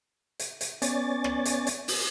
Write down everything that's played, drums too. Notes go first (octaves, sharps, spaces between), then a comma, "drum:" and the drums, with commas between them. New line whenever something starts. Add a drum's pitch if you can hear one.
drum: hi-hat
drum: hi-hat
B3 C#4 C#5 D5 G#5 A6, drum: hi-hat
drum: rim click
drum: hi-hat
drum: hi-hat
drum: open hi-hat